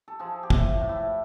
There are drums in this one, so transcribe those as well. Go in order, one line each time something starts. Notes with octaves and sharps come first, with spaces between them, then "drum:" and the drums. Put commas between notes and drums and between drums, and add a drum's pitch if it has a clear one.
A4
F3 G#4
G4
A2, drum: kick
A2
E4